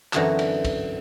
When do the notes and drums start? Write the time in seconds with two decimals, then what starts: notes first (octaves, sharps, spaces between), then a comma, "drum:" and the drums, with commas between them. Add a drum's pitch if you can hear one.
0.13 F#2 D3 E3 C4 F#4 A#5, drum: clap
0.39 drum: cymbal
0.65 drum: kick, cymbal